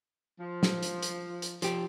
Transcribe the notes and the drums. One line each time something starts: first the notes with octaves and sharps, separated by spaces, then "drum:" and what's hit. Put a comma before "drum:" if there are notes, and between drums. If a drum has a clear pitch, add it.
F3
drum: snare
drum: hi-hat
drum: hi-hat
drum: hi-hat
F3 G4, drum: hi-hat